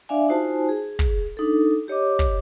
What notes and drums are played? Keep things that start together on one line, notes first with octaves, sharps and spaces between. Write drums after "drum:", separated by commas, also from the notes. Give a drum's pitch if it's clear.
D4 D5 E5 F5 G#5
D#4 F4 F#4 C5 G#5 A5
G#4
drum: kick
D4 D#4 A4
G4 C#5 D#5 D6
drum: kick